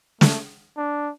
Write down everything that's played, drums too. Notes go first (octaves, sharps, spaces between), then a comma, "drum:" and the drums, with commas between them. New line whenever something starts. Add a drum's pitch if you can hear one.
A3, drum: snare
D4